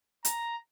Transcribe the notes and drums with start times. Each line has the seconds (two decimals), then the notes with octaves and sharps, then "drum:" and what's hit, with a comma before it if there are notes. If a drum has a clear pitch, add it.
0.25 A#5, drum: hi-hat